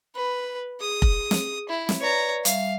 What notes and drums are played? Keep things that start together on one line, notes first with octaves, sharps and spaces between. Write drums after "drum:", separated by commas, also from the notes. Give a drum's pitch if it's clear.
B4 B5
G#4 D#6
drum: kick F1
drum: snare
E4
drum: snare
B4 C#5 D5 A#5
G3 E5 F5, drum: hi-hat